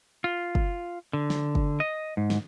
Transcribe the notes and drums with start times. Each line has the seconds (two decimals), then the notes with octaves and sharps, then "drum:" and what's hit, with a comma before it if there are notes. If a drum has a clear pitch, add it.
0.24 F4
0.55 drum: kick
1.13 D3
1.30 drum: snare
1.55 drum: kick
1.80 D#5
2.17 G#2
2.30 drum: snare